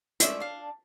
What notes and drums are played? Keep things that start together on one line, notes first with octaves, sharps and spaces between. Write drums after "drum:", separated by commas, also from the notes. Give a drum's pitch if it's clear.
G#3 A3 C#4 D5 E5, drum: hi-hat
D4 F5